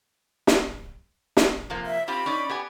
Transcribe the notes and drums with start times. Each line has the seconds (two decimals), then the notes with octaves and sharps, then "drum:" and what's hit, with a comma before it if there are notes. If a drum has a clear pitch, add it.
0.47 drum: snare
1.37 drum: snare
1.70 C3 F3 A#3
1.86 E5
2.08 C4 F4 G4 B5
2.26 C#4 D#4 D5
2.49 B3 G4 G#5